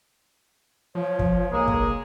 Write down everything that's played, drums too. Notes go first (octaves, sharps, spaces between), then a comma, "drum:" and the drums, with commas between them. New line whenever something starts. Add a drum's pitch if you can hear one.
F3 C#5
drum: kick
B1 G#3 A#3 G#4
drum: kick